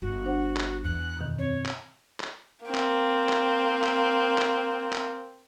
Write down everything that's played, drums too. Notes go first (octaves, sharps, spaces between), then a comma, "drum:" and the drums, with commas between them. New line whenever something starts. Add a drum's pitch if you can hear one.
G1 F#4
D4 C5 F#5
drum: clap
E2 F#6
F#2 B2 D#3
C4 C#5
drum: clap
drum: clap
A#3 C4
drum: clap
drum: clap
drum: clap
drum: clap
drum: clap